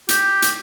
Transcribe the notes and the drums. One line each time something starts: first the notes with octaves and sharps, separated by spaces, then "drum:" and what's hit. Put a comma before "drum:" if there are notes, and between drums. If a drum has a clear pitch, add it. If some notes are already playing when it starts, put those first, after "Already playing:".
G4, drum: hi-hat
drum: hi-hat